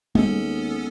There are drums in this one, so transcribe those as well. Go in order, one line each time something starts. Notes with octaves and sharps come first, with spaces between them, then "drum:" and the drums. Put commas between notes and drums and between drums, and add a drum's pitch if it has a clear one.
D#2 G#3 B3 C#4 A4, drum: tom G3